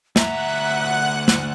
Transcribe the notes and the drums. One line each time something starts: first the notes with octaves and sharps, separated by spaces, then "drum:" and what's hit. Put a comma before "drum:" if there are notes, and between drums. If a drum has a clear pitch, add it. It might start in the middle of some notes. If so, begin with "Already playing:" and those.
D2 E5 F#5 A#5 F#6, drum: snare
drum: snare